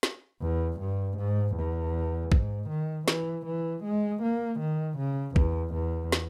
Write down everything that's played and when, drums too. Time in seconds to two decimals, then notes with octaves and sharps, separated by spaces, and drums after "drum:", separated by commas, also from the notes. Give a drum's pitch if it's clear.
0.03 drum: snare
0.41 E2
0.80 G2
1.17 G#2
1.56 E2
2.32 G#2, drum: kick A1
2.69 D#3
3.08 E3, drum: snare
3.46 E3
3.84 G#3
4.22 A#3
4.60 D#3
4.98 C#3
5.36 E2, drum: kick A1
5.74 E2
6.12 drum: snare